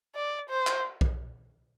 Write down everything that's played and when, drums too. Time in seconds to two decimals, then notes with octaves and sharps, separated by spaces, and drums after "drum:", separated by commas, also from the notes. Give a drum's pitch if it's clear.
0.15 D5
0.50 C5
0.67 drum: clap
1.01 drum: kick B1